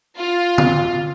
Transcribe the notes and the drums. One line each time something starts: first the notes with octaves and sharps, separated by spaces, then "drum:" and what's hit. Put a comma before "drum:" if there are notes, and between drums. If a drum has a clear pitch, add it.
F4
drum: tom D3